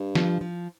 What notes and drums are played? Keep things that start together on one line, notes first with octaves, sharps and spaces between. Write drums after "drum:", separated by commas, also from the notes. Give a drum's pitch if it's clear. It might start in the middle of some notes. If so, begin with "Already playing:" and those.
Already playing: G2
F3, drum: snare
F3